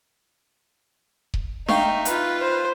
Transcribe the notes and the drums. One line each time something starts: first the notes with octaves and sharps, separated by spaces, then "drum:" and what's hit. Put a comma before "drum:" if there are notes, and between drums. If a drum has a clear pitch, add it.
drum: kick D#1
D#4 E5 F5 G5 C#6, drum: snare D4
F4 B4, drum: hi-hat
C5